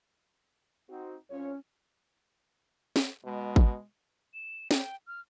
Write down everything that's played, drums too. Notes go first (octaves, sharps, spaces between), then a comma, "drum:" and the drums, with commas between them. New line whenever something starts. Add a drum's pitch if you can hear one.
C4 D#4 F#4
C2 C#4 F4 C#5
drum: snare
B2 G#3
drum: kick G#1
E7
G5, drum: snare
F6